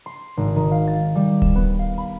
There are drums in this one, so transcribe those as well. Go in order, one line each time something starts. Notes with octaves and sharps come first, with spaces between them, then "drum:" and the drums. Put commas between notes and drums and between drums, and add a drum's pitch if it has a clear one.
C6
G#1
D#3
F5
A6
G3
E7, drum: kick D1
B3
F5
B5